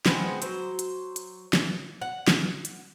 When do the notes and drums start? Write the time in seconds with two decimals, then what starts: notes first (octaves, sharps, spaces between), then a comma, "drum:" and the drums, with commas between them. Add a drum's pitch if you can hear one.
0.06 G#3 B3 C4, drum: snare
0.42 F#3 C5, drum: hi-hat
0.79 drum: hi-hat
1.16 drum: hi-hat
1.53 drum: snare
2.02 F#5
2.28 drum: snare
2.65 drum: hi-hat